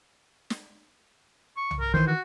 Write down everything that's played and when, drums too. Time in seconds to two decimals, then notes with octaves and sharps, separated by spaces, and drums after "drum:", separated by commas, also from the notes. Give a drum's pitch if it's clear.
0.50 drum: snare
1.57 C#6
1.71 drum: tom
1.80 A#4
1.94 D#3 E3 C5
2.07 F#4